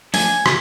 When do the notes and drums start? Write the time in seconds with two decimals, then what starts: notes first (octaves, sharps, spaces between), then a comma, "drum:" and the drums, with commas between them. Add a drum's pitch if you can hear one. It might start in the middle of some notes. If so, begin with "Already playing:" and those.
0.14 F3 A3 D4 G#5, drum: open hi-hat
0.46 drum: rim click